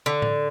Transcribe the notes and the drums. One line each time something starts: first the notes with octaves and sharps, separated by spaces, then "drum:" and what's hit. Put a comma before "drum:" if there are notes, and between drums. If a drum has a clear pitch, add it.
D3
drum: tom A2